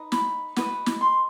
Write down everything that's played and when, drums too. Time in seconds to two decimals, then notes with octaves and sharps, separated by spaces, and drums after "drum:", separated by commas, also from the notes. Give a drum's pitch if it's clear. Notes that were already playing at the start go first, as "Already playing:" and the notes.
Already playing: D#4 B4 D#5
0.12 B5, drum: snare
0.56 F#4 B4 D#5, drum: snare
0.86 drum: snare
1.01 C6